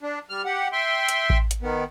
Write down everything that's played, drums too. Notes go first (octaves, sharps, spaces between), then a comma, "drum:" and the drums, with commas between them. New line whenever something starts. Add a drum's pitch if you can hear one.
D4
G3 F6
G4 F#5
E5 G5 C6
drum: hi-hat
drum: kick A1
drum: hi-hat
D#3 B3